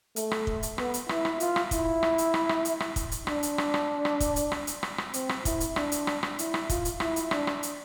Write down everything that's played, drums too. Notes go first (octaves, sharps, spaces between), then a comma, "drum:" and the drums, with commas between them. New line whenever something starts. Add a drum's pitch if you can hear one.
A3, drum: hi-hat
drum: rim click
drum: kick
drum: hi-hat
B3, drum: rim click
drum: hi-hat
E4, drum: rim click
drum: rim click
F4, drum: hi-hat
drum: rim click
E4, drum: kick, hi-hat
drum: rim click
drum: hi-hat
drum: rim click
drum: rim click
drum: hi-hat
drum: rim click
drum: kick, hi-hat
drum: hi-hat
D4, drum: rim click
drum: hi-hat
drum: rim click
drum: rim click
drum: rim click
drum: kick, hi-hat
drum: hi-hat
drum: rim click
drum: hi-hat
drum: rim click
drum: rim click
C4, drum: hi-hat
drum: rim click
E4, drum: kick, hi-hat
drum: hi-hat
D4, drum: rim click
drum: hi-hat
drum: rim click
drum: rim click
E4, drum: hi-hat
drum: rim click
F4, drum: kick, hi-hat
drum: hi-hat
E4, drum: rim click
drum: hi-hat
D4, drum: rim click
drum: rim click
drum: hi-hat